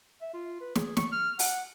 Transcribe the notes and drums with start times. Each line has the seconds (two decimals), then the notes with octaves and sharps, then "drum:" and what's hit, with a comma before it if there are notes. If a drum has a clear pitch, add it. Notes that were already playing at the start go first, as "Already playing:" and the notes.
0.21 E5
0.34 F4
0.60 B4
0.75 G#4, drum: snare
0.97 C#6, drum: snare
1.12 F6
1.39 F#5, drum: open hi-hat